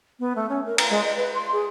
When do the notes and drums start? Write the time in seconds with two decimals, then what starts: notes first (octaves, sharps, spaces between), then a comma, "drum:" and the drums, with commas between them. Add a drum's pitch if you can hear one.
0.20 B3
0.36 A3
0.49 C#4
0.66 A#4
0.78 A#5, drum: cymbal
0.90 G#3
1.04 D#5
1.17 B4
1.34 C6
1.53 G#4